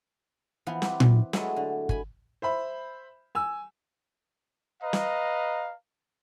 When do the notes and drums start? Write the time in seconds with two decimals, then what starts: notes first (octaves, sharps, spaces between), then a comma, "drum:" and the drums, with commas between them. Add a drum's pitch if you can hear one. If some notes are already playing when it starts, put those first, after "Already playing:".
0.67 E3 F3 B3
0.82 C4 G4 B4, drum: snare
1.00 drum: tom A#2
1.33 F#3 G#3 A3 E4 D#5 E5, drum: snare
1.56 D3
1.89 G#5 B5, drum: kick
2.42 C5 E5 B5
3.35 G#5 E6
4.82 B4 D#5 F5 A#5
4.93 drum: snare